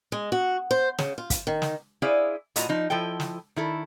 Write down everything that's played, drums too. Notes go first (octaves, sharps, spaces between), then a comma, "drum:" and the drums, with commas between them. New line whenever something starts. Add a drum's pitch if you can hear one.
G#3
F#4
C5
C#3, drum: snare
F4
drum: kick, hi-hat
D#3
drum: snare
E4 G#4 C5 D5 E5 F5
A2 F4 F#4 D#5 A#5, drum: hi-hat
F3 D#4
F3 E4 A4 G5
drum: snare
D#3 E4 A4